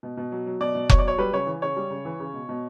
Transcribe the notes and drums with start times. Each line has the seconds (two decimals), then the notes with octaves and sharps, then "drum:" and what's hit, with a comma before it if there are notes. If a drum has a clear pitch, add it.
0.03 B2
0.17 B2
0.32 F#3
0.46 F#3
0.61 B2 D5
0.75 B2
0.89 F#3 C#5, drum: kick F1
0.99 D5
1.04 F#3 C#5
1.18 G3 B4
1.33 C#3 C#5
1.47 E3
1.62 C#3 C#5
1.77 G3
1.91 C#3
2.05 E3
2.20 C#3
2.34 B2
2.49 B2